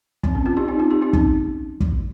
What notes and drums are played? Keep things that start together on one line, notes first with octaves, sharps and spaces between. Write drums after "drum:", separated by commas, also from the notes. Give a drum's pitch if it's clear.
C4, drum: kick
C#4
C#4 F4
D#4 G4
C4 D#4
C#4 F4
D#4 G4
C4 D#4
C#4, drum: kick
drum: kick